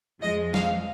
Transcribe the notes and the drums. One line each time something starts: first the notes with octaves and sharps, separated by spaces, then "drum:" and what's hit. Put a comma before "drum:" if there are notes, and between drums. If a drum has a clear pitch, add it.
F2 F3 G#3 D#5
F5, drum: snare